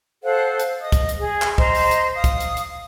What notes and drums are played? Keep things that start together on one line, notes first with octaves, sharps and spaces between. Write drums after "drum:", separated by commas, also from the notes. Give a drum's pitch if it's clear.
A4 C5 F5 F#5
drum: hi-hat
D#5 D#6
drum: kick, hi-hat
drum: hi-hat
G#4
drum: clap
C5 D#5 A#5, drum: kick
drum: open hi-hat
drum: hi-hat
F5 D#6
drum: kick, hi-hat
drum: hi-hat
drum: hi-hat